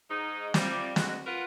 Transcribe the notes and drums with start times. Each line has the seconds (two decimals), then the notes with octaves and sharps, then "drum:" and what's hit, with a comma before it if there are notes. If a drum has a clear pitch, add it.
0.09 G#2 D#4
0.54 C3 F3 G3, drum: snare
0.96 D2 B2 G#3 F#4, drum: snare
1.26 F4 A#4 B4 F#5